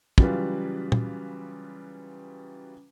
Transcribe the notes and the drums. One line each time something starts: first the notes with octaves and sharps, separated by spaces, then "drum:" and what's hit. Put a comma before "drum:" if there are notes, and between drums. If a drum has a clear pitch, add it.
C#3 E3 F#3 G3 F4 B4, drum: kick
drum: tom